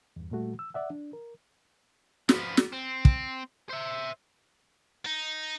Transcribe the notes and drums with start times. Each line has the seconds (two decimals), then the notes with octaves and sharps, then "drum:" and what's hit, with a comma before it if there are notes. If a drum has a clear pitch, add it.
0.16 E2 G2
0.31 A#2 G3 A3 F#4
0.59 E6
0.74 D5 E5 F#5
0.90 D4
1.13 A#4
2.29 F3 B3, drum: snare
2.57 drum: snare
2.72 C4
3.05 drum: kick
3.69 C5 E5
5.06 D#4